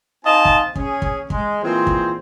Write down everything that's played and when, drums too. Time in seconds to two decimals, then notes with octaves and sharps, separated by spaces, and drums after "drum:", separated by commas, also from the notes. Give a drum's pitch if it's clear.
0.25 C4 D#4 D#5 F5 G#5 A5
0.45 drum: kick
0.75 C#4 G#4, drum: kick
1.02 drum: kick
1.30 G#3, drum: kick
1.62 A#2 E3 C4 G#4 C5
1.87 drum: kick